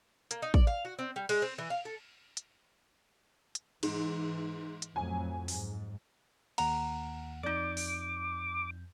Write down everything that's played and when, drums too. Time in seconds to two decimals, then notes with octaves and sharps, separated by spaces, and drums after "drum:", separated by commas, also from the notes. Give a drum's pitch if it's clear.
0.31 A#3, drum: hi-hat
0.42 D#4
0.54 D5, drum: kick
0.67 F5
0.85 F#4
0.99 C4
1.16 G3
1.29 G#3, drum: cymbal
1.42 C4
1.58 E3
1.70 F5
1.85 A4
2.37 drum: hi-hat
3.55 drum: hi-hat
3.83 G#2 E3, drum: cymbal
4.82 drum: hi-hat
4.96 F2 A2 F#3 G#5
5.48 G#2, drum: open hi-hat
6.58 D#2 F#5 A#5, drum: cymbal
7.43 F2 D#4 D5 D6 G6
7.77 drum: open hi-hat